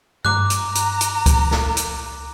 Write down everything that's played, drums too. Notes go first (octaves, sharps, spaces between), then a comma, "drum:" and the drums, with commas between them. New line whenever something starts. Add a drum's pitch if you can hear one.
A#5 D6 F#6, drum: tom G2
drum: hi-hat
drum: hi-hat
drum: hi-hat
drum: kick C#2, hi-hat
drum: snare
drum: hi-hat